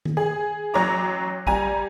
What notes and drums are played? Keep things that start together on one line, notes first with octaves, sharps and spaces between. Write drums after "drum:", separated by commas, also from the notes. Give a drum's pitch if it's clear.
drum: tom
G#4
A1 F#3 C#5 A#5 D6
G3 G#5 A#5 D#7, drum: kick A1